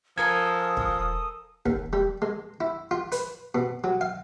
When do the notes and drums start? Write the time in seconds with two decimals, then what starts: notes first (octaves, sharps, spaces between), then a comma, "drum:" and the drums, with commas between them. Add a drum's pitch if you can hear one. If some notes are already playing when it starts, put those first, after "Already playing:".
0.18 F3 A4 A#4 G#5 D#6 G#6
0.77 drum: kick
1.66 D#2, drum: kick
1.93 G3
2.22 G#3
2.61 E4
2.91 F4
3.12 B4, drum: hi-hat
3.55 B2
3.84 F#3
4.01 F5